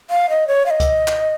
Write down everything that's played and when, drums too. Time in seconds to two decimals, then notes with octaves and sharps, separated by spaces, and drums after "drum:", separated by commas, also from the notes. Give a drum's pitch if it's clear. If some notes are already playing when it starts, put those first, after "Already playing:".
0.10 F5
0.30 D#5
0.48 C#5
0.66 F5
0.70 D#5
0.80 drum: kick C#2, hi-hat
1.08 drum: clap